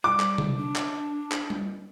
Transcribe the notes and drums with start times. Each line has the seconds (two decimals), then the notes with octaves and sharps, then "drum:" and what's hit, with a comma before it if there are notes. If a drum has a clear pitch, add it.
0.04 G3 D6
0.20 drum: clap
0.38 drum: tom C3
0.57 D4
0.76 drum: clap
1.32 drum: clap
1.50 drum: tom G3